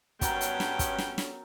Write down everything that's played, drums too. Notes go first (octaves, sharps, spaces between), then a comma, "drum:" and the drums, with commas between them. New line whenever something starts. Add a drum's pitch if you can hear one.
G2 F#3 B3 C#4 A#4 G5, drum: kick, hi-hat
drum: hi-hat
drum: snare
drum: kick, hi-hat
drum: snare
drum: snare